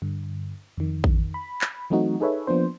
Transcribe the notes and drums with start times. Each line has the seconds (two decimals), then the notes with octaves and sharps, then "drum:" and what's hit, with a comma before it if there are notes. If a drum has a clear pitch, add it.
0.02 G2 D3
0.77 F2 D#3
1.04 drum: kick A1
1.34 B5
1.61 drum: clap
1.90 E3 F#3 A3 C4 D#4 F#4
2.20 D#4 G#4 A4 B4 C#5 E5
2.47 F3 A#3 B3 D4 C5